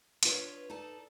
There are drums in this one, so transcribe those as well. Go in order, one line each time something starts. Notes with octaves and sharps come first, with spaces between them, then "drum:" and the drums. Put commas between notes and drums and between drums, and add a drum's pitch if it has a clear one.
B3 D4 F4 G4 B4 C#5, drum: hi-hat
D#4 A4 D5 A5